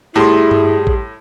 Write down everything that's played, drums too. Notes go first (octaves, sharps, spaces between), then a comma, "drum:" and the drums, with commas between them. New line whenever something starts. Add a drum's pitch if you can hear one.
A2 G3 E4 G#4 C6
drum: tom G2
drum: kick A1